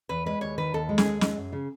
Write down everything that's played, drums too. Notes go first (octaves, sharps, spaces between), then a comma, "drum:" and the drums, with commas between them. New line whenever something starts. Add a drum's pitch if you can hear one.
E2 B4
G#3 B4
D#2 C#5
D#3 B4
D#2 A4
G#3
G#4, drum: snare
D#2
G#3, drum: snare
F#2
C#3